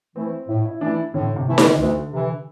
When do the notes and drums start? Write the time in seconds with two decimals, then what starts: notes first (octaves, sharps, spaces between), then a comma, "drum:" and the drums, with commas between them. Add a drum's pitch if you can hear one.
0.16 E3 A3 C4 E4
0.48 A2 E4
0.65 E4
0.81 E3 A3 D4 E4
1.14 A2 D3
1.36 C3
1.47 E3 A3 E4
1.58 D3, drum: snare D#4
1.66 E3
1.76 D2 D3
2.12 C3 E3